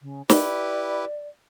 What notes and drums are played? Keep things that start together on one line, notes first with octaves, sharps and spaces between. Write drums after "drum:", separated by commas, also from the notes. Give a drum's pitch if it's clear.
C#3
E4 G4 B4 D5, drum: snare